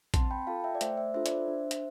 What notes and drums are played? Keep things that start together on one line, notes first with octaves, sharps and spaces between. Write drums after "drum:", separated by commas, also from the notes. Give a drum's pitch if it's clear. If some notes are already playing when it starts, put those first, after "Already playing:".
C4 A5 C6, drum: kick, hi-hat
G5 B5
F4 A4 F5 A5
E5 G5
D5
A3 C5 E5, drum: hi-hat
C5 E5
D4 F4 A4 C5 E5
D5, drum: hi-hat
C5 E5
D4
drum: hi-hat